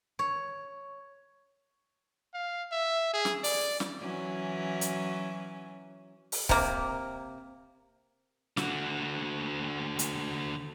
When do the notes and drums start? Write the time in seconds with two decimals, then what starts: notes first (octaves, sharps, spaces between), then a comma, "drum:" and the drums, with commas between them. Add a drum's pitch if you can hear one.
0.19 C#5
2.34 F5
2.72 E5
3.13 G#4
3.25 drum: snare
3.44 D5, drum: open hi-hat
3.80 drum: snare
4.00 E3 F#3 C#4
4.81 drum: hi-hat
6.32 drum: open hi-hat
6.49 C3 A#3, drum: kick
8.57 D3 F#4, drum: snare
9.99 drum: hi-hat